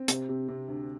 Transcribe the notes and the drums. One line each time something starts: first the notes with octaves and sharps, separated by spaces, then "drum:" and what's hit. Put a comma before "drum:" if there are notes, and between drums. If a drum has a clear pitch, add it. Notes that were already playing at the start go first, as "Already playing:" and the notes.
Already playing: C4
C3, drum: hi-hat
C3
C3
D2